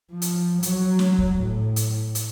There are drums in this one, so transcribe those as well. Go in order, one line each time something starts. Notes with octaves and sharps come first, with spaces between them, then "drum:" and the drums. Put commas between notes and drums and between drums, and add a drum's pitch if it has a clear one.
F3
drum: hi-hat
F#3, drum: hi-hat
drum: snare
drum: kick
A2
drum: hi-hat
drum: hi-hat